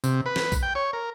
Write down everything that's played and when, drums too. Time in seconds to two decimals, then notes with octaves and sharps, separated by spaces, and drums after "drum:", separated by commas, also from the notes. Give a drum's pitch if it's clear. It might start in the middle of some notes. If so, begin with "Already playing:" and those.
0.04 C3, drum: tambourine
0.26 B4
0.36 drum: snare
0.52 drum: kick A#1, tambourine
0.63 G5
0.75 C#5
0.93 A#4